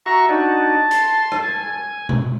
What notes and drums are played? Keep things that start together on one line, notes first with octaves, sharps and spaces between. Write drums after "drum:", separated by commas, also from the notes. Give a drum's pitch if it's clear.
F#4 E5 A#5 C#6
D4 D#4 F#4 A5
C6, drum: hi-hat
drum: rim click
G#5
drum: tom B2